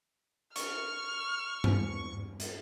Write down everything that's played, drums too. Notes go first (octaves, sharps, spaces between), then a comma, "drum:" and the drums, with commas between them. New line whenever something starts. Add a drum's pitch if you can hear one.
C#6 F6, drum: hi-hat
drum: tom G2
drum: hi-hat